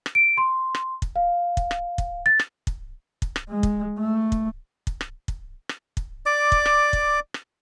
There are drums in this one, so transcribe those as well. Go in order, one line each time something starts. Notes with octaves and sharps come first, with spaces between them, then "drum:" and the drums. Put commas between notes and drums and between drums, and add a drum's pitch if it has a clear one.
drum: rim click
D7
C6
drum: rim click
drum: kick
F5
drum: kick
drum: rim click
drum: kick
A6
drum: rim click
drum: kick
drum: kick
drum: rim click
G#3
drum: kick
A3
drum: kick
drum: kick
drum: rim click
drum: kick
drum: rim click
drum: kick
D5 D6
drum: kick
drum: rim click
drum: kick
drum: rim click